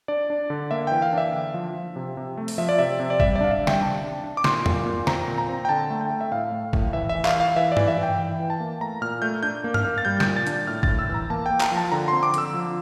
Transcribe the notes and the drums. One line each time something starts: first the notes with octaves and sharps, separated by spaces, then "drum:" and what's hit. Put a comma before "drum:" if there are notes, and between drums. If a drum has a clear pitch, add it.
D4 D5
D4
D3
A#3 E5
E3 G5
F5
D4 E5
D3
F3
F3
C3
C3
A3
drum: open hi-hat
F3 E5
D5
C3 E5
C3
D5
G3 E5, drum: kick G1
D5
D4 F5
E5
G3
G5, drum: snare
C3 A5
D4
D4
D6
A#2 C6, drum: snare
A#2, drum: tom E2
A#2
C4 A#5, drum: snare
A#2
A#5
C4
G5
D3 A5
A3
G5
A3
E5
A2 F5
A3
A2, drum: kick G1
E3 E5
E5
E3
F5, drum: clap
E3 F5
E3 E5
D5
E3, drum: tom G2
E5
E3
G5
E3 G5
E3
A5
A#3
A3 A#5
A#2 F6
A3 G6
D4 G6
A#3
F6, drum: tom G2
A#3
A6
G3 G6
G6, drum: snare
A#2
A6
D4, drum: hi-hat
G6
A2 F6
A2 A6, drum: kick G1
E6
E3
A#5
A#3 A5
A#3 G5
A#5, drum: clap
F3
A5
D3 A#5
C4 C6
D6
D3 E6, drum: hi-hat
F3